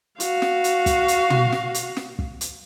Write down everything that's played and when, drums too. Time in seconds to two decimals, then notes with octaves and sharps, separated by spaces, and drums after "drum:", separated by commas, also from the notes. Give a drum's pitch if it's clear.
0.20 F#4 F5, drum: hi-hat
0.42 drum: snare
0.64 drum: hi-hat
0.86 drum: kick, hi-hat
1.08 drum: hi-hat
1.30 drum: tom
1.52 drum: snare
1.74 drum: hi-hat
1.97 drum: snare
2.19 drum: kick
2.41 drum: hi-hat